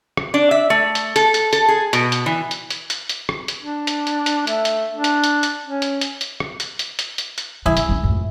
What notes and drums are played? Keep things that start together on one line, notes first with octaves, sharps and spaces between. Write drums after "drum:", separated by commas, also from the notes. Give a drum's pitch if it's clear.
drum: rim click
D4
E5
A3
drum: hi-hat
A4, drum: hi-hat
drum: hi-hat
A4, drum: hi-hat
G#4
B2, drum: hi-hat
drum: hi-hat
E3
drum: hi-hat
drum: hi-hat
drum: hi-hat
drum: hi-hat
drum: rim click
drum: hi-hat
D4
drum: hi-hat
drum: hi-hat
drum: hi-hat
A3, drum: hi-hat
drum: hi-hat
D4
drum: hi-hat
drum: hi-hat
drum: hi-hat
C#4
drum: hi-hat
drum: hi-hat
drum: hi-hat
drum: rim click
drum: hi-hat
drum: hi-hat
drum: hi-hat
drum: hi-hat
drum: hi-hat
C2 E3 E4 G#4 E5
E3, drum: hi-hat
E3 C#4
F1 G#2